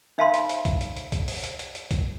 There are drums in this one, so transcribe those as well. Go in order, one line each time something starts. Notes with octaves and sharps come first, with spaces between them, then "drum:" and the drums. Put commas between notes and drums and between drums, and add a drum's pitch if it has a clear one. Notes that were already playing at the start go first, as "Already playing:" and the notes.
D#4 E5 F5 A5 B5 C6
drum: hi-hat
drum: hi-hat
drum: kick, hi-hat
drum: hi-hat
drum: hi-hat
drum: kick, hi-hat
drum: open hi-hat
drum: hi-hat
drum: hi-hat
drum: hi-hat
drum: kick, hi-hat